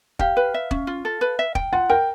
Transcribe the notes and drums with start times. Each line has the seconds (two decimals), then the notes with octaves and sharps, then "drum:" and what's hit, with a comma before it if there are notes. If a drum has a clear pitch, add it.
0.19 G4 F5, drum: kick
0.37 B4
0.54 E5
0.71 C#4, drum: kick
0.87 F4
1.05 A4
1.21 B4
1.39 E5
1.55 G5, drum: kick
1.73 F4 F#5
1.89 A#4 G5